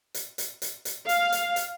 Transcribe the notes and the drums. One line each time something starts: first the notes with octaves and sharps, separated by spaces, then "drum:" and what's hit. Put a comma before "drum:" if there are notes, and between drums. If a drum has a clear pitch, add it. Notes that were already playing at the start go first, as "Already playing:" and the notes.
drum: hi-hat
drum: hi-hat
drum: hi-hat
drum: hi-hat
F5, drum: hi-hat
drum: hi-hat
drum: hi-hat